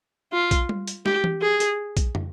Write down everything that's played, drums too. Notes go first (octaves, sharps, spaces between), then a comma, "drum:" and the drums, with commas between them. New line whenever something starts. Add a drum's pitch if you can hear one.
F4
drum: kick A#1, hi-hat
drum: tom G3
drum: hi-hat
G4, drum: snare G#3
drum: tom E3
G#4
drum: hi-hat
drum: kick A#1, hi-hat
drum: tom